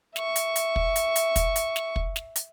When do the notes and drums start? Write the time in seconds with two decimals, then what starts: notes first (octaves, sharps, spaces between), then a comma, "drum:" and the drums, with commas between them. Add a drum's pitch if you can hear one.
0.16 E5 C#6, drum: snare
0.36 drum: hi-hat
0.56 drum: hi-hat
0.76 drum: kick
0.96 drum: hi-hat
1.16 drum: hi-hat
1.36 drum: kick, hi-hat
1.56 drum: hi-hat
1.76 drum: snare
1.96 drum: kick
2.16 drum: snare
2.36 drum: hi-hat